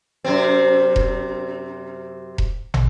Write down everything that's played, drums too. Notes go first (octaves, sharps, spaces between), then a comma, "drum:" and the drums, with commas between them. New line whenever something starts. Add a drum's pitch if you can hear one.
F#2 C3 C4
drum: kick E1
drum: kick E1
drum: tom